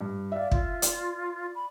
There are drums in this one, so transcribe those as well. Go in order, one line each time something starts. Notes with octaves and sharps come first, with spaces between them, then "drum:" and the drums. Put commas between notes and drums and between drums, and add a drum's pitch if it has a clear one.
G2
D5 E5 F5
F4, drum: kick
D5, drum: hi-hat
B5